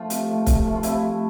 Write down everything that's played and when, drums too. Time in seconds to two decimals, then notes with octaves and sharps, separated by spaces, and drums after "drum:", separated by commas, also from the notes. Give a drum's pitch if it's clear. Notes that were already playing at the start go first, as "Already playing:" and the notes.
Already playing: F3 A3 F4
0.10 C3, drum: hi-hat
0.28 F3 A3
0.46 C3, drum: kick, hi-hat
0.65 F3 A3
0.75 F4
0.83 C3 E4, drum: hi-hat
1.02 F3 A3